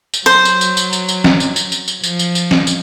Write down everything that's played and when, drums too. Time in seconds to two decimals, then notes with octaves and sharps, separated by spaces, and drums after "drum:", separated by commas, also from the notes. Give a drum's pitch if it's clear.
0.14 drum: tambourine
0.26 F#3 C5
0.45 drum: tambourine
0.61 drum: tambourine
0.77 drum: tambourine
0.93 drum: tambourine
1.09 drum: tambourine
1.24 drum: snare
1.40 drum: tambourine
1.56 drum: tambourine
1.72 drum: tambourine
1.88 drum: tambourine
2.04 F3, drum: tambourine
2.19 drum: tambourine
2.35 drum: tambourine
2.51 drum: snare
2.67 drum: tambourine